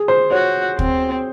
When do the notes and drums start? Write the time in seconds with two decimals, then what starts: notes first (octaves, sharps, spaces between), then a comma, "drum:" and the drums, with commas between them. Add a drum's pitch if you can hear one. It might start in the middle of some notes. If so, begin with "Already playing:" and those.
Already playing: G#4
0.08 C5
0.31 F#4 C#5
0.79 C4, drum: kick